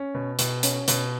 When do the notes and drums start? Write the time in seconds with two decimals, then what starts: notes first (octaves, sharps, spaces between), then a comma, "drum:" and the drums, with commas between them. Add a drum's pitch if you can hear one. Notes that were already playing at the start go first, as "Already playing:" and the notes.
Already playing: C#4
0.14 B2
0.39 B2, drum: hi-hat
0.63 C#4, drum: hi-hat
0.88 B2, drum: hi-hat